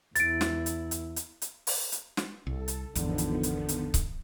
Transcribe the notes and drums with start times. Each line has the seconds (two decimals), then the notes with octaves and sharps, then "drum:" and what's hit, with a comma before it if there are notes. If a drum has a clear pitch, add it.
0.15 E2 E4 A6 D7, drum: hi-hat
0.41 drum: snare
0.66 drum: hi-hat
0.91 drum: hi-hat
1.16 drum: hi-hat
1.42 drum: hi-hat
1.67 drum: open hi-hat
1.92 drum: hi-hat
2.17 drum: snare
2.47 C2 A4
2.68 drum: hi-hat
2.95 G#1 E2 D3 D#3 F3 B3, drum: hi-hat
3.18 drum: hi-hat
3.43 drum: hi-hat
3.69 drum: hi-hat
3.94 drum: kick C#1, hi-hat